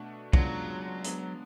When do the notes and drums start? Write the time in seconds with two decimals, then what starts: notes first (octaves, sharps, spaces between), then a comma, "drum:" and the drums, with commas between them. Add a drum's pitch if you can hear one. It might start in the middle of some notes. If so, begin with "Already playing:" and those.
Already playing: B2 A3 D4 F#4
0.33 C#3 F#3 G#3 B3 D4 F4, drum: kick
1.04 G#3 B3 D4, drum: hi-hat